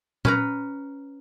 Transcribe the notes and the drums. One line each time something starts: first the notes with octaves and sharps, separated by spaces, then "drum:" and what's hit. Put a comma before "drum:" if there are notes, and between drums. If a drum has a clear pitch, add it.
C#4 B4 A#5, drum: tom A#2